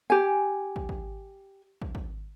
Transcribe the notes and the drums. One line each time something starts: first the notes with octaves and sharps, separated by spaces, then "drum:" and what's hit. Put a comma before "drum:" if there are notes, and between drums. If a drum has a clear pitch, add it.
G4 G#5
drum: kick
drum: kick
drum: kick
drum: kick